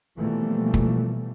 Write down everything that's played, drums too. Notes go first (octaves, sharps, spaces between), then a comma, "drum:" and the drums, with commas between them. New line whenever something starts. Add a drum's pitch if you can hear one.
B2 E3 F3 G3 A3 A#3
drum: kick